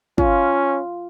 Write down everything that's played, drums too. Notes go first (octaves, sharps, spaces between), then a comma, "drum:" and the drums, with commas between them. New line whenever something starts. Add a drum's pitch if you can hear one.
C#4 F4, drum: kick